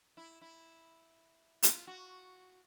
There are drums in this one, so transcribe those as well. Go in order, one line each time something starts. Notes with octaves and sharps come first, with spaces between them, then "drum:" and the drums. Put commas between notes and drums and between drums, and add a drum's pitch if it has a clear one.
E4
E4
F4, drum: hi-hat
F#4